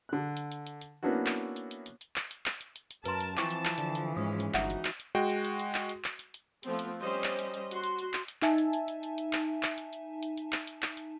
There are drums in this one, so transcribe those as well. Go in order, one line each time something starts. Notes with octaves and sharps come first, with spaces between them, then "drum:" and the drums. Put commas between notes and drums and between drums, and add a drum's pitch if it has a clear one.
D3 F#6
drum: hi-hat
drum: hi-hat
drum: hi-hat
drum: hi-hat
A#3 B3 C#4 D4 E4 F#4
drum: clap
drum: hi-hat
drum: hi-hat
drum: hi-hat
drum: hi-hat
drum: clap
drum: hi-hat
drum: clap
drum: hi-hat
drum: hi-hat
drum: hi-hat
F#2 A#4 B4 A5 C6, drum: hi-hat
drum: hi-hat
E3 F3 C4 E4 A5 C#6 D6, drum: clap
drum: hi-hat
drum: clap
D3, drum: hi-hat
drum: hi-hat
G#2 G#3 C#4 D#6
drum: hi-hat
G1 D#4 F#4 E5 F#5, drum: clap
drum: hi-hat
drum: clap
drum: hi-hat
G#3 F#4 G5
drum: hi-hat
drum: hi-hat
drum: hi-hat
drum: clap
drum: hi-hat
drum: clap
drum: hi-hat
drum: hi-hat
F3 A3 B3 C4, drum: hi-hat
drum: hi-hat
G3 C#4 C5 D#5
drum: clap
drum: hi-hat
drum: hi-hat
F#4 C6, drum: hi-hat
drum: hi-hat
drum: hi-hat
drum: clap
drum: hi-hat
D#4 E5 G#5 A5, drum: clap
drum: hi-hat
drum: hi-hat
drum: hi-hat
drum: hi-hat
drum: hi-hat
drum: clap
drum: clap
drum: hi-hat
drum: hi-hat
drum: hi-hat
drum: hi-hat
drum: clap
drum: hi-hat
drum: clap
drum: hi-hat